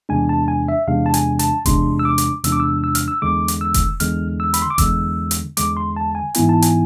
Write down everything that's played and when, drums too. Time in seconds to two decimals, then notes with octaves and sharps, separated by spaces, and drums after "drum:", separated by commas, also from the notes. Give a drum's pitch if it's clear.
0.09 E2 C3 G#3 D4 G#5
0.29 A5
0.48 G#5
0.68 E5
0.88 E2 C3 G#3 D4 F5
1.06 A5
1.14 G#5, drum: hi-hat
1.39 A5, drum: hi-hat
1.66 E2 C3 G#3 D4 C6, drum: kick F1, hi-hat
1.99 E6
2.05 D6
2.18 drum: hi-hat
2.44 E2 C3 G#3 D4 E6, drum: hi-hat
2.52 D6
2.60 E6
2.84 E6
2.95 F6, drum: hi-hat
3.08 E6
3.22 E2 D3 G#3 D6
3.48 drum: hi-hat
3.61 E6
3.74 drum: kick F1, hi-hat
4.00 E2 D3 G#3 F6, drum: hi-hat
4.40 E6
4.54 B5, drum: hi-hat
4.62 C6
4.71 D6
4.78 E2 D3 G#3 E6, drum: kick F1, hi-hat
5.31 drum: hi-hat
5.57 E2 D3 G#3 D6, drum: hi-hat
5.77 C6
5.96 A5
6.15 G#5
6.35 G#2 E3 B3 E4 G#5, drum: hi-hat
6.49 A5
6.62 G#5, drum: hi-hat